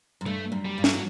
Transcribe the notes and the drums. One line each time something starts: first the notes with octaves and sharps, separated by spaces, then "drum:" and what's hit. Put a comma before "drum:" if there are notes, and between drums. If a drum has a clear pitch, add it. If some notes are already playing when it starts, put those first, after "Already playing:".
F#2
G2 A3
F#2
G3
G2
F#3, drum: snare
A2